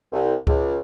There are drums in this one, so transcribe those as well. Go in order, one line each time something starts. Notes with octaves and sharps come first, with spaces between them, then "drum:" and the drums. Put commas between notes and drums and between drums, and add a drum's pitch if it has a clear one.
C2
C#2, drum: kick C#2